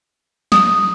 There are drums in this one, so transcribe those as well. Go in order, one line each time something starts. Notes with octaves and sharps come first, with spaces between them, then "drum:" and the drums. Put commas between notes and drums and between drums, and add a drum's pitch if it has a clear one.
D#6, drum: snare